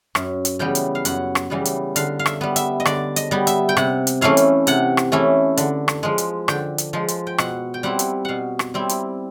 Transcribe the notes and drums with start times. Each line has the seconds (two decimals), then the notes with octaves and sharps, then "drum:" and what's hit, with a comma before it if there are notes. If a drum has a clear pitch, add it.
0.15 F#2, drum: rim click
0.45 drum: hi-hat
0.59 C#3 E3 G3 B3 G5
0.75 drum: hi-hat
0.95 F5
1.05 F#2 F#5, drum: hi-hat
1.35 drum: rim click
1.50 C#3 E3 G3 B3
1.65 drum: hi-hat
1.96 D3 F5, drum: hi-hat
2.19 F5
2.26 E5, drum: rim click
2.41 G3 B3
2.56 E5, drum: hi-hat
2.80 D#5
2.85 D3 D5, drum: rim click
3.16 D#5, drum: hi-hat
3.31 G3 B3
3.47 E5, drum: hi-hat
3.69 G5
3.77 C3 F#5, drum: rim click
4.07 drum: hi-hat
4.21 E3 A3 C#4 E4 F5
4.37 drum: hi-hat
4.67 C3 F#5, drum: hi-hat
4.97 drum: rim click
5.12 E3 A3 C#4 E4
5.57 D3, drum: hi-hat
5.88 drum: rim click
6.03 F3 G#3
6.18 drum: hi-hat
6.48 D3 G5, drum: rim click
6.78 drum: hi-hat
6.93 F3 G#3
7.08 drum: hi-hat
7.27 G5
7.38 B2 F#5, drum: rim click
7.74 G5
7.83 G3 C4 E4 F#5
7.99 drum: hi-hat
8.25 B2 F5 F#5
8.59 drum: rim click
8.74 G3 C4 E4
8.89 drum: hi-hat